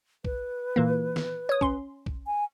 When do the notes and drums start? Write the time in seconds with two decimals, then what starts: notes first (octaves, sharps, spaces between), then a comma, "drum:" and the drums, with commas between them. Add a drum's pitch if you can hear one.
0.24 B4, drum: kick
0.76 A#2 E3 A#3
1.16 drum: snare
1.49 C#5 D#6
1.61 C#4 C6, drum: kick
2.06 drum: kick
2.26 G#5